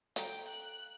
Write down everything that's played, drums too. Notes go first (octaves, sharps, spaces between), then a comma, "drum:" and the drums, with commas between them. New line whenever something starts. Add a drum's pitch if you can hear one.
A4 F5 G5 A#5, drum: hi-hat
F#6